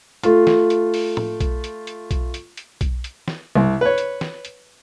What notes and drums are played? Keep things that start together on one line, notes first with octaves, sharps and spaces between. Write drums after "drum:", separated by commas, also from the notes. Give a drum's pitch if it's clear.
A3 F4, drum: hi-hat
drum: snare
drum: hi-hat
drum: open hi-hat
drum: tom A2
drum: kick B1, hi-hat
drum: hi-hat
drum: hi-hat
drum: kick B1, hi-hat
drum: hi-hat
drum: hi-hat
drum: kick B1, hi-hat
drum: hi-hat
drum: snare
C2
B4 C#5
drum: hi-hat
drum: snare
drum: hi-hat